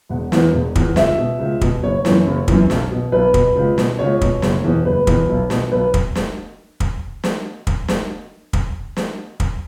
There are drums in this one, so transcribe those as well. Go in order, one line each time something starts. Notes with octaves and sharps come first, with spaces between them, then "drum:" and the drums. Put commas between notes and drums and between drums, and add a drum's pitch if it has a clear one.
E1 F#5
E2 E3, drum: snare
E1
E2 E3, drum: kick
C#2 E5, drum: snare
B2
C#2
B2, drum: kick
F#1 C#5
F#2 E3, drum: snare
F#1
F#2 E3, drum: kick
B1, drum: snare
B2
B1 B4
B2, drum: kick
C#2
B2, drum: snare
C#2 C#5
B2, drum: kick
F#1, drum: snare
E2 B2
F#1 B4
E2 B2, drum: kick
B1
B2, drum: snare
B1 B4
drum: kick
drum: snare
drum: kick
drum: snare
drum: kick
drum: snare
drum: kick
drum: snare
drum: kick